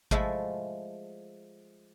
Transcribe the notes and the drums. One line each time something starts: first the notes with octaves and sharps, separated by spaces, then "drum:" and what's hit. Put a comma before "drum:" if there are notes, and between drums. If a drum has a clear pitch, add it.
F3 G#3 A3 E4 A4, drum: kick G#1